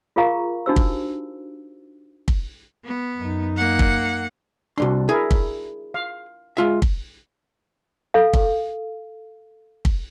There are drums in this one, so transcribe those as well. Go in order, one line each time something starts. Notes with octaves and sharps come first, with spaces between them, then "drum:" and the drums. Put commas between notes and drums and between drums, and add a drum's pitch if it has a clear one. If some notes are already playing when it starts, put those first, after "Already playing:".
F4 G#4 A#4 F5 A#5 C#6
D4 D#4 F#4 G4 C5 E6
drum: kick
drum: kick
B3
F#2 D#4
A#3 F#5
drum: kick
C2 F2 D4 F#4 C6
E4 G#4 A#4
drum: kick
F5
G#3 F4 E5
drum: kick
A4 F5
drum: kick
drum: kick